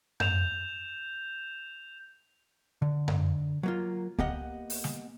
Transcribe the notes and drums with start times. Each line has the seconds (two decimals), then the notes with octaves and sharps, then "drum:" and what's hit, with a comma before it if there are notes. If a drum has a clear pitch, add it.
0.20 G6 E7 F7, drum: tom F#2
2.82 D3
3.08 drum: tom F#2
3.63 F#3 A#3 F4
4.19 A#3 B3 G4 D#5 F#5, drum: kick C#2
4.70 drum: open hi-hat
4.84 drum: snare